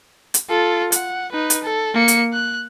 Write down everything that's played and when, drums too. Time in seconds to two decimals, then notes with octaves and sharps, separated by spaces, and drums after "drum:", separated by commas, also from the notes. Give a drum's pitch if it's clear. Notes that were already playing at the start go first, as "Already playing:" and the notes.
0.34 drum: hi-hat
0.49 F4 A4
0.92 F#5, drum: hi-hat
1.32 D#4 B4
1.50 drum: hi-hat
1.63 A4
1.94 A#3 C#7
2.08 drum: hi-hat
2.33 F#6